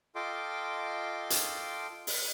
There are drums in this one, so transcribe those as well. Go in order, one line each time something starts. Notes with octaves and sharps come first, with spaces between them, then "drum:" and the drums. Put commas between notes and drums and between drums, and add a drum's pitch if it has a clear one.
F4 A4 D#5 G5 C6 D6
drum: hi-hat
drum: open hi-hat